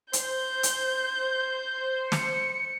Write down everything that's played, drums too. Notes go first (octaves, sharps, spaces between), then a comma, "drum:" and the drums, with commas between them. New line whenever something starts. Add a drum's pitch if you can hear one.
C5 G6, drum: hi-hat
drum: hi-hat
C#7, drum: snare